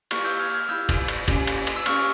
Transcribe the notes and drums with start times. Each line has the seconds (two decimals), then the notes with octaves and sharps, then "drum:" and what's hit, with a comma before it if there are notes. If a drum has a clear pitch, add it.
0.11 A#3 E4 G4 C#6 F6, drum: cymbal
0.25 E6 G6
0.39 F6 G#6
0.54 F6 G#6
0.69 A#3 E4 G4 E6 G6
0.89 drum: kick, cymbal
1.08 drum: cymbal
1.28 A#3 C#4 G4, drum: kick, cymbal
1.47 drum: cymbal
1.67 drum: cymbal
1.76 E6
1.86 A#3 C#4 G4 C#6 F6, drum: cymbal